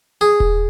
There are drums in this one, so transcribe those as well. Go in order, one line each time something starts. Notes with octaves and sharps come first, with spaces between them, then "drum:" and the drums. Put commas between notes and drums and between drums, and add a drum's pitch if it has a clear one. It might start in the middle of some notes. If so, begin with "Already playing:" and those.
G#4
drum: kick D#1